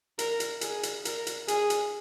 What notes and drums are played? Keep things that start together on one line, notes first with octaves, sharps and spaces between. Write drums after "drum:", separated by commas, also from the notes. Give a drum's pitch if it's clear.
A#4, drum: hi-hat
drum: hi-hat
G#4, drum: hi-hat
drum: hi-hat
A#4, drum: hi-hat
drum: hi-hat
G#4, drum: hi-hat
drum: hi-hat